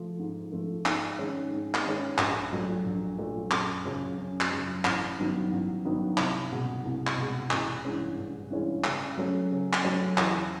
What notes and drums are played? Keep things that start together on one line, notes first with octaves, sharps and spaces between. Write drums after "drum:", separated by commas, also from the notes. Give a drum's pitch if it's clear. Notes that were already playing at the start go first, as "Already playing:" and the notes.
Already playing: F3 A3
G#2
F3 A3
G#2, drum: clap
D#3 G#3 C#4
G#2
drum: clap
D#3 G#3 C#4
A#1, drum: clap
A#2 F#3 A3
A#1
A#2 F#3 A3
F#2, drum: clap
C#3 F#3
F#2
drum: clap
C#3 F#3
A1, drum: clap
G2 D#3 F#3 B3
A1
G2 D#3 F#3 B3
C2, drum: clap
B2 G#3
C2
drum: clap
B2 G#3
A1, drum: clap
G2 E3 G#3 C#4
A1
G2 E3 G#3 C#4
C#3, drum: clap
F#3 A3 C#4
C#3
drum: clap
F#3 A3 C#4
E2, drum: clap